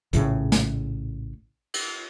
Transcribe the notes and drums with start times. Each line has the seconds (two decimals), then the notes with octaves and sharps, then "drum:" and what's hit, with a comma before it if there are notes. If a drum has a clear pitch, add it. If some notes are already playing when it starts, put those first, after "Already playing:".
0.13 A#1 A2 C#3, drum: hi-hat
0.52 drum: snare
1.74 drum: cymbal